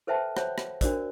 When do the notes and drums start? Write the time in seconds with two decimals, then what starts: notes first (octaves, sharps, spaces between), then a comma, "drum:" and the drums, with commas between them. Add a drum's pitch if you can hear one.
0.07 A4 B4 C5 E5 G5 A5
0.37 C5 C#5 F#5, drum: rim click
0.58 drum: rim click
0.81 D4 F#4 A#4 C5 D5, drum: kick, hi-hat